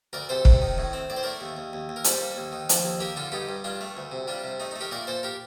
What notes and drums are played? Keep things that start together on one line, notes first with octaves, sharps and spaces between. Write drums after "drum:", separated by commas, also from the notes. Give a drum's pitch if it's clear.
D2 A#4 D5
C3 A4 C5
C3, drum: kick
D#3
A2
C4
A2 D5
C5
A3 A#4 D5
D#2
D#2
D#2
D#2
A#4
G3 A4 C5, drum: hi-hat
A#3
D#2
D#3
F3, drum: hi-hat
D#2
A#3 G4 A#4
D3 F4 A4
G2 D#4 G4
G2
G2 D4 F4
A3
D2
C3
G3 D4 F4
C3
A3 D#4
D#4
A3
G4 A#4
A#2 A#4 D5
A#2 A4 C5
G4 A#4